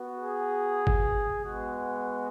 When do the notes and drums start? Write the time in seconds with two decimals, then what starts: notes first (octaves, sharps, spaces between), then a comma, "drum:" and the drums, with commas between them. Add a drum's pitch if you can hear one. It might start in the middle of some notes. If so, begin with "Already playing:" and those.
Already playing: B3 F#4
0.19 G#4
0.87 drum: kick G1
1.40 G#3 B3 F#4